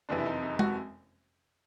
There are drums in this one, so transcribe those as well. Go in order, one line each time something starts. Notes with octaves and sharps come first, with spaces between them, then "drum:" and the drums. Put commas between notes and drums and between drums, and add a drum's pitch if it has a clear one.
F#1 F2 C3 E3 D4
E4
D#4
D#4
F#4, drum: tom